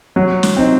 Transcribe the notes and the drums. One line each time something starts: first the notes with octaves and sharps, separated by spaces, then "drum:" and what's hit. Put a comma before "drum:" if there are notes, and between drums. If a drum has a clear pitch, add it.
F#3
drum: snare
C4 D#4